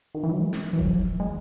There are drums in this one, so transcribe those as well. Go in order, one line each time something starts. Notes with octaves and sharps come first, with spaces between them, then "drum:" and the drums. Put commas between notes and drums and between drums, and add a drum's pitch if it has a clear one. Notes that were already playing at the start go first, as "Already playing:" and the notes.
D#3
E3
F#3
G#3
drum: snare
E3
F#3, drum: kick E1
G#3